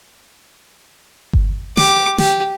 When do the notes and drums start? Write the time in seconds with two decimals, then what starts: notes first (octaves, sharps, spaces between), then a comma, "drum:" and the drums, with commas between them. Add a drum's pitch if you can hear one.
1.33 drum: kick G1
1.77 G4 D6, drum: snare
2.18 G4, drum: snare